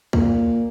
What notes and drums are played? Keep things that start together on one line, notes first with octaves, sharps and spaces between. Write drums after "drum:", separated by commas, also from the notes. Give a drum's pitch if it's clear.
A#2, drum: kick